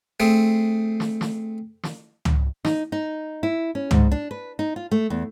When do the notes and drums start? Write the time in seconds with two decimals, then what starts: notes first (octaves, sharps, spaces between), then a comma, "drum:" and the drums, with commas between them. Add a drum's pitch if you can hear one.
0.20 A3 C4 G#4
1.00 drum: snare
1.21 drum: snare
1.83 drum: snare
2.25 drum: tom
2.65 D#4, drum: snare
2.92 D#4
3.43 E4
3.75 C#4
3.91 G#2, drum: tom
4.12 D4
4.31 B4
4.59 D#4
4.76 F4
4.91 A3
5.10 E2